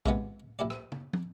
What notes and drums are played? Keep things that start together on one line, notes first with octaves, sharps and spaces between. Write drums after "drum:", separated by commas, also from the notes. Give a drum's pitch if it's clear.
G#2 C3 D#3 F3 G#3 B3, drum: kick A#1
A#1 E4 G4 D5
drum: rim click
drum: tom
drum: tom